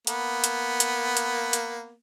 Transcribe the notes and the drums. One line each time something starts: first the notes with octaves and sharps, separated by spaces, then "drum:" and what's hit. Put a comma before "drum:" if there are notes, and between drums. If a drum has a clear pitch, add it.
A#3 B3, drum: hi-hat
drum: hi-hat
drum: hi-hat
drum: hi-hat
drum: hi-hat